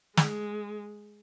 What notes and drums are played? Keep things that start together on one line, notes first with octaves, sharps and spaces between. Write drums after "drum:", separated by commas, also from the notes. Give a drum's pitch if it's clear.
G#3, drum: snare